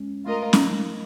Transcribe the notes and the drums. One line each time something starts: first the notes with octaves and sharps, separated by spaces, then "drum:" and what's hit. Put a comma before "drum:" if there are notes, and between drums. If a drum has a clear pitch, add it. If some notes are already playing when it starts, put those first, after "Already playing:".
Already playing: G#3 C#4
A3 F4 A#4 D#5
drum: snare C#4